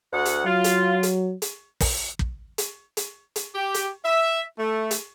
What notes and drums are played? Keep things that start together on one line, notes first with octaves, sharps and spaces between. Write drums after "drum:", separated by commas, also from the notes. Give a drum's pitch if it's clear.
D2 F#5
drum: hi-hat
F#3 F4
drum: hi-hat
drum: hi-hat
drum: hi-hat
drum: kick, open hi-hat
drum: kick
drum: hi-hat
drum: hi-hat
drum: hi-hat
G4
drum: hi-hat
E5
A3
drum: hi-hat